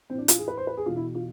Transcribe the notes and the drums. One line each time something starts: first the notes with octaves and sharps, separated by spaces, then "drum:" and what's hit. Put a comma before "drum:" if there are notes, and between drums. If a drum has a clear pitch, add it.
A2 E3 C4
D4
F4, drum: hi-hat
G#4
B4
C5
B4
G#4
E2 B2 F4
E4
F4